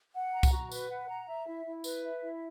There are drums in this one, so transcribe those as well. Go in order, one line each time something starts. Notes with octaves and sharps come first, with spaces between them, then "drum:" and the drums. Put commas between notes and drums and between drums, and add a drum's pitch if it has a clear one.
F#5
A#5
drum: kick C2, tambourine
F#4
B4, drum: tambourine
F#5
A#5
E5
E4
E4
B4, drum: tambourine
E5
E4